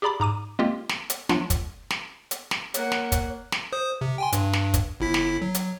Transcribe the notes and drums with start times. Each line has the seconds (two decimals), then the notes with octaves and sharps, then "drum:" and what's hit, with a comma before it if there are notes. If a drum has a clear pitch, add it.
0.02 G4 G#4 D5 A#5 B5 D6
0.20 G#2 A#5 D6 D#7
0.59 G#3 A#3 C4 F4 G4
0.89 drum: snare
1.10 drum: hi-hat
1.29 F3 F#3 A3 B3 D4 F4, drum: snare
1.50 drum: kick, hi-hat
1.90 drum: snare
2.31 drum: hi-hat
2.51 drum: snare
2.74 A#3 C#5 F#5, drum: hi-hat
2.92 drum: snare
3.12 drum: kick, hi-hat
3.52 drum: snare
3.73 C5 D#6
4.01 C3
4.18 G5 G#5 C6
4.32 G2, drum: hi-hat
4.53 drum: snare
4.74 drum: kick, hi-hat
5.00 G1 E4 B6
5.14 drum: snare
5.42 F#3
5.55 drum: hi-hat